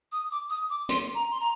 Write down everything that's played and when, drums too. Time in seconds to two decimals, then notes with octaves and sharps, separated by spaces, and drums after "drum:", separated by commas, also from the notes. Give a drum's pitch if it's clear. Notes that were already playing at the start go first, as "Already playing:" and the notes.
0.12 D#6
0.31 D6
0.50 D#6
0.70 D6
0.89 C6, drum: hi-hat
1.15 A#5
1.31 C6
1.40 A#5